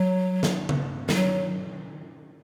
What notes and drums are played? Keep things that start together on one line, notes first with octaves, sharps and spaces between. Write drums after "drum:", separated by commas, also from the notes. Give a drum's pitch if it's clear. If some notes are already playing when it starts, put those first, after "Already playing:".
Already playing: F#3
drum: snare
drum: tom C#3
G3, drum: snare
F#3